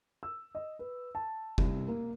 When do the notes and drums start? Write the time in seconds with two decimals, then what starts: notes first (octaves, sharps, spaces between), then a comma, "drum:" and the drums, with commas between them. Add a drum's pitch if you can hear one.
0.23 E6
0.55 D#5
0.79 B4
1.15 A5
1.58 C2, drum: kick F1
1.88 A#3